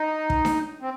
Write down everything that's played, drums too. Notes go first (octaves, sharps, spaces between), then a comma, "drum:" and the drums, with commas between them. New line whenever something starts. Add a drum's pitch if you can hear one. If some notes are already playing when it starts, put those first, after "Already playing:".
Already playing: D#4
drum: kick
drum: snare D4
C4